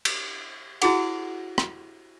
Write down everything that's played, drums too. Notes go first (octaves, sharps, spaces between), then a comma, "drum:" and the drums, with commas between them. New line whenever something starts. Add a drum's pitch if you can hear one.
drum: cymbal
E4 F#4 G#4 F#5, drum: cymbal
drum: rim click